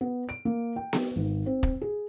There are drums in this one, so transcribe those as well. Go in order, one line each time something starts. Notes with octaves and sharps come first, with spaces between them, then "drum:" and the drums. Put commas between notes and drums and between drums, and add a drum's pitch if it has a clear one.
B3
D7
A#3
G5
drum: snare B3
G#1
C4
drum: kick
G#4